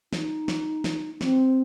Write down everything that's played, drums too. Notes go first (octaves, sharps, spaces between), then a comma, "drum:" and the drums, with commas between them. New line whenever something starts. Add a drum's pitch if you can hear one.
D#4, drum: snare
drum: snare
drum: snare
C4, drum: snare